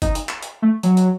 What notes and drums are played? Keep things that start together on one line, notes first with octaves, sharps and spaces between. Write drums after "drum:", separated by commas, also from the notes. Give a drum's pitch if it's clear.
D#4, drum: kick F#1, hi-hat
drum: hi-hat
drum: clap
drum: hi-hat
A3
F#3, drum: hi-hat
drum: hi-hat